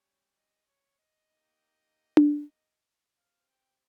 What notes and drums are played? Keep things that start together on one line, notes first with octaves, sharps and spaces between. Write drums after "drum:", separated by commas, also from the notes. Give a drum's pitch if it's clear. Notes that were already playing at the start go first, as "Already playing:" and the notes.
Already playing: G3 C#4 G4 C#5
D#5
C#5
D#5
A#3 D#4 G4
drum: tom D4
C4 G4 F5
G5